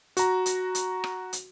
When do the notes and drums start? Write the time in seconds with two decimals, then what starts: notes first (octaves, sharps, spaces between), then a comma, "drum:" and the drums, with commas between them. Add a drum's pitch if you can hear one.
0.17 F#4 A#5, drum: hi-hat
0.46 drum: hi-hat
0.75 drum: hi-hat
1.04 drum: rim click
1.33 drum: hi-hat